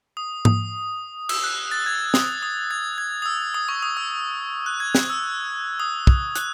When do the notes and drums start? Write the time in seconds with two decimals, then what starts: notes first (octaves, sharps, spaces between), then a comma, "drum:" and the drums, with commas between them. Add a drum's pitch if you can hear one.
0.17 D#6
0.45 D#6, drum: tom G#2
1.29 E6, drum: cymbal
1.44 F#6
1.71 A6
1.86 G#6
2.14 D#6, drum: snare
2.43 D#6
2.71 G#6
2.98 G#6
3.22 D#6
3.26 E6
3.54 D#6
3.69 C#6
3.83 D#6
3.97 E6
4.66 F#6
4.80 G#6
4.95 F#6, drum: snare
5.10 E6
5.80 D#6
6.07 drum: kick
6.35 F#6, drum: hi-hat